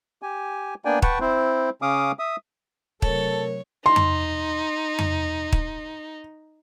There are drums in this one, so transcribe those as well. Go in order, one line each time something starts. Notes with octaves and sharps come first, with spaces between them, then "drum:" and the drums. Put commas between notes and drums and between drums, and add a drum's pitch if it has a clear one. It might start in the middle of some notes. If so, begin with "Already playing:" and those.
G4 G#5
A#3 B3 D4 D5 G5 G#5
B4 F#5 G5 A5 C#6, drum: kick
C4 E4 C5
C#3 C#4 F5 D6 D#6
E5 D#6
C3 F#3 A3 A4 A#4 C#5, drum: kick
D#4 C6
drum: tom F2
drum: tom F2
drum: kick